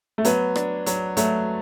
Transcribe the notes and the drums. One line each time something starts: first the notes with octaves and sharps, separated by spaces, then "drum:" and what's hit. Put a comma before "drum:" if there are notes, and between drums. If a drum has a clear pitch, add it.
A3
F#3 B3, drum: hi-hat
D4, drum: rim click
F#3, drum: hi-hat
F#3 A3, drum: hi-hat